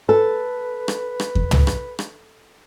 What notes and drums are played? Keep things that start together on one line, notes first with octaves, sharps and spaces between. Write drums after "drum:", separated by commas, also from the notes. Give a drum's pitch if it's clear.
A4 B4
drum: rim click
drum: rim click
drum: kick E2
drum: tom
drum: rim click
drum: rim click